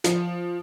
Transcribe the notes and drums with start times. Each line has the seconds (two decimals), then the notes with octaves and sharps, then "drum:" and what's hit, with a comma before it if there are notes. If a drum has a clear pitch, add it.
0.04 F3, drum: hi-hat